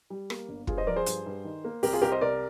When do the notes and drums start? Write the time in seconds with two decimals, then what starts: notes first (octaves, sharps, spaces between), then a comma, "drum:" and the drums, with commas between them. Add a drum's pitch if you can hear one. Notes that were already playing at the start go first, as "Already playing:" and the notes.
0.10 G3
0.30 A#3, drum: rim click
0.49 G1
0.67 G2 F4 G#4, drum: kick
0.77 C5 D#5
0.87 F3 A#4 D5
0.96 G#4 C5
1.06 G2, drum: hi-hat
1.26 G2
1.45 D#3
1.64 A#3
1.83 C2 G4 A#4, drum: open hi-hat
1.93 F4 G#4
2.02 C2 G4 A#4
2.12 C5 D#5
2.21 C3 A#4 D5